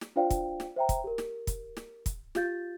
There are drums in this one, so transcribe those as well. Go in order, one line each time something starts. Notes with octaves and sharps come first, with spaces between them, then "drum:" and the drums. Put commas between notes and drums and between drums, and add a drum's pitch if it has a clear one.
drum: snare
D4 F4 C5 D5 F5 G5
drum: kick, hi-hat
drum: snare
C5 E5 G5 A#5
drum: kick, hi-hat
G4 A#4
drum: snare
drum: kick, hi-hat
drum: snare
drum: kick, hi-hat
F4 G4 F5 G6 A6, drum: snare